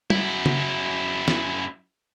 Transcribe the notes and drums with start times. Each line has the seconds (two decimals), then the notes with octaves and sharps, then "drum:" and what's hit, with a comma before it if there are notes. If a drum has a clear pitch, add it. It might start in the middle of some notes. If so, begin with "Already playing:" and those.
0.10 F#2 E4, drum: tom
0.46 drum: tom C#3
1.28 drum: snare